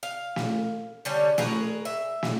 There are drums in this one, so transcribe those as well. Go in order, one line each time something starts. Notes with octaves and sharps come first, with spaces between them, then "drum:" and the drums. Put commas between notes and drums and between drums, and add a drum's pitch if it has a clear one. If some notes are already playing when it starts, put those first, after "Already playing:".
F5
drum: snare
D3 G3 C#4
G#4 A#4 B4 C#5, drum: snare
E5
drum: snare